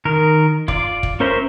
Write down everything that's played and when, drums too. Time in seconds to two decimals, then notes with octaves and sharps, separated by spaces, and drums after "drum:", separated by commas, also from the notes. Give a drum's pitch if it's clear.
0.05 D#3 A#4
0.68 F4 D5, drum: kick
1.03 drum: kick
1.20 C#4 A#4 C5 E5 C6